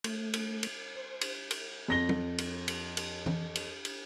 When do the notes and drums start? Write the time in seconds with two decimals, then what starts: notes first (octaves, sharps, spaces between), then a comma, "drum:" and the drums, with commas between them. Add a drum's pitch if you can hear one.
0.04 A3, drum: cymbal
0.34 drum: cymbal
0.63 drum: cymbal
0.95 C5
1.21 drum: cymbal
1.51 drum: cymbal
1.88 F2 A#6 G7
2.09 drum: tom F#3
2.38 drum: cymbal
2.68 drum: cymbal
2.97 drum: cymbal
3.26 drum: tom E3
3.56 drum: cymbal
3.85 drum: cymbal